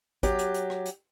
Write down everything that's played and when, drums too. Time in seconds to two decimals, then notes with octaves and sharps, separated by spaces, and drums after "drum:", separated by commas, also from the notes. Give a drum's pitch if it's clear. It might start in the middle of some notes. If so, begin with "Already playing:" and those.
0.23 F#3 G4, drum: kick G#1, hi-hat
0.39 drum: hi-hat
0.54 drum: hi-hat
0.70 drum: rim click
0.86 drum: hi-hat